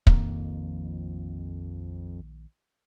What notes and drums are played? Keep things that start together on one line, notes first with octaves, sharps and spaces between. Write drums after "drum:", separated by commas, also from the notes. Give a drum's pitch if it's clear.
A#1 F2 D#3 A#3, drum: kick